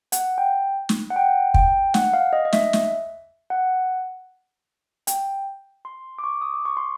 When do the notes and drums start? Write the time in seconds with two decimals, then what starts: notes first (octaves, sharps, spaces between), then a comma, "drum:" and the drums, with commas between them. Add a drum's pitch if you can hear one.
0.12 F#5, drum: hi-hat
0.38 G5
0.89 drum: snare
1.10 F#5
1.16 G5
1.54 G5, drum: kick
1.94 F#5, drum: snare
2.13 F5
2.33 D#5
2.45 D#5
2.53 E5, drum: snare
2.73 drum: snare
3.50 F#5
5.07 G5, drum: hi-hat
5.85 C6
6.19 D6
6.24 C#6
6.41 D#6
6.54 D6
6.65 C#6
6.77 C6